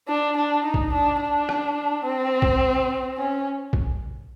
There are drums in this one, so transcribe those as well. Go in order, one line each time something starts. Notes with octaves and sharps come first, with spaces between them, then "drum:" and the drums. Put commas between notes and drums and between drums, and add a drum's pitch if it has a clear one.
D4
D4
D#4
drum: kick
D4
D4
drum: rim click
C4
drum: kick
C#4
drum: kick